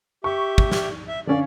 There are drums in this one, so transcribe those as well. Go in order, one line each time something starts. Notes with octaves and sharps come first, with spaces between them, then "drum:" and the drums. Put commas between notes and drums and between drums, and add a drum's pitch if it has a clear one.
G4 E5 C#6
drum: kick
drum: snare
E5
D3 C#4 D5 F5